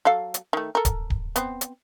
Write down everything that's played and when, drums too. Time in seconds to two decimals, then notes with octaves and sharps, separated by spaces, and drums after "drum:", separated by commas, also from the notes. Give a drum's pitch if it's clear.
0.05 F#3 A4 F5
0.34 drum: hi-hat
0.53 D#3 A3
0.75 A4 A#4
0.85 drum: kick D1, hi-hat
1.10 drum: kick D1
1.36 B3 C4, drum: hi-hat
1.61 drum: hi-hat